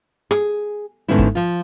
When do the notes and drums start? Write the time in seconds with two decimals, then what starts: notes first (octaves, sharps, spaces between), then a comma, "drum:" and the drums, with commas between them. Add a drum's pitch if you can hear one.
0.31 G#4, drum: rim click
1.08 G#2 D3 D#3 B3 C#4 E4
1.19 drum: kick
1.35 F3 F4